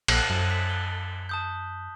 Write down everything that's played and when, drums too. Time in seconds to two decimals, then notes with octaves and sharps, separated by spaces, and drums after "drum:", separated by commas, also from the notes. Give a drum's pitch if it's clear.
0.08 A#1 F#6 F#7, drum: cymbal
0.30 F#2
0.51 B6
0.70 G7
1.29 A5 D#6 G6